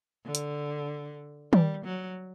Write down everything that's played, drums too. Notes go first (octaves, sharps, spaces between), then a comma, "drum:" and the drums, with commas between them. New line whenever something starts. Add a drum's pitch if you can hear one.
D3
drum: hi-hat
G3, drum: tom D#3
F#3